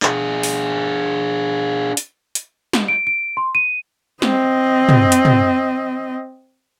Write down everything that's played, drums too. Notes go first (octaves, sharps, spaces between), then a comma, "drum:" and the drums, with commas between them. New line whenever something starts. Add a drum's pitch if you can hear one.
D4 G#4, drum: clap
drum: open hi-hat
drum: hi-hat
drum: hi-hat
drum: snare
D7
D7
C6
D#7
C4 D#5, drum: snare
drum: tom
drum: hi-hat
drum: tom